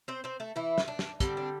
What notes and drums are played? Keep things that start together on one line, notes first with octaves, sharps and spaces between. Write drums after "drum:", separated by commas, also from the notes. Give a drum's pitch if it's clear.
C4 C5
C4 C5
A3 A4
E3 E4
drum: snare
D4
drum: snare
D3 G3 C4 D4, drum: kick, hi-hat
D4